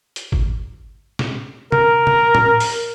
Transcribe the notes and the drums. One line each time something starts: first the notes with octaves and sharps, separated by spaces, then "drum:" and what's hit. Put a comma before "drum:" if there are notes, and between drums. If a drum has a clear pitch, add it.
drum: hi-hat
drum: kick G#1
drum: snare
A#4, drum: tom C3
drum: tom C3
drum: tom
drum: open hi-hat